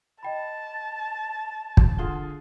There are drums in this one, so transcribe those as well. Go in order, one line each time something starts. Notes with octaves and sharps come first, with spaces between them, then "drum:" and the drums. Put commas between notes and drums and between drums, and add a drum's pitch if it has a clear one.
D#5 G5 A5 B5
drum: kick
D3 F4 G#4 F6 G7